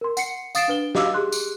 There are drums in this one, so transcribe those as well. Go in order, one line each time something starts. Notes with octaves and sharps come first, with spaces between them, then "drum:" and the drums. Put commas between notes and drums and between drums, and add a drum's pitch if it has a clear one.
A#4 C6
F#5 C7 C#7, drum: tambourine
F5 D#6 A6 C7 D7 E7, drum: tambourine
D4 B4 G7
F#4 G4 D#5 F5 D6 E6, drum: snare
G4 G#4 C6 F#6
drum: tambourine